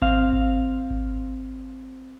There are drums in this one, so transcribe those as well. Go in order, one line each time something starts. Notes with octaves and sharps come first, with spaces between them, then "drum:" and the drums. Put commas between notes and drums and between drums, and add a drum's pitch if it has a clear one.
C4 F5, drum: kick G#1
drum: kick G#1
drum: kick G#1